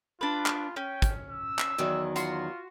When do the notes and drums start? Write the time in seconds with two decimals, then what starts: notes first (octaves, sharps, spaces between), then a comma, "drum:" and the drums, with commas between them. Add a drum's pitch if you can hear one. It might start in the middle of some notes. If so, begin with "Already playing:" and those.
0.21 D4 F4 B4
0.46 drum: clap
0.76 C#4 G5
1.02 drum: kick, hi-hat
1.30 E6
1.59 drum: clap
1.78 E2 D#3 F#3
2.16 F4 F#4 C6, drum: hi-hat